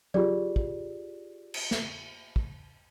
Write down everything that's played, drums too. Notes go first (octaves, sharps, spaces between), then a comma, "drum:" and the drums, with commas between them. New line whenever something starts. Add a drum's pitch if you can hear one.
F4 G4 G#4 D5, drum: tom F#3
drum: kick
drum: cymbal
drum: snare
drum: kick